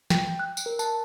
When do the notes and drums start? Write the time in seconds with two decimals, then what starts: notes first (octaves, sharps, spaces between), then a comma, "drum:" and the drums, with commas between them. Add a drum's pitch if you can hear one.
0.10 G5, drum: snare
0.39 F#6
0.57 drum: tambourine
0.66 A#4
0.79 A5, drum: tambourine